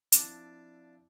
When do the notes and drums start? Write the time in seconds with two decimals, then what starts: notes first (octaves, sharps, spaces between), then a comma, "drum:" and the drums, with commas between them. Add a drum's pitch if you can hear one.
0.12 F3 C4 D4 E4 D5, drum: hi-hat